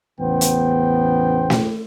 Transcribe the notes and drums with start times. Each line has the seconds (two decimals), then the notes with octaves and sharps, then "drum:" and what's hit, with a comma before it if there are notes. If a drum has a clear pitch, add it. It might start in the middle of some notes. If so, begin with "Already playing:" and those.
0.20 A1 E2 C#3 B3 C5 G5
0.41 drum: hi-hat
1.50 drum: snare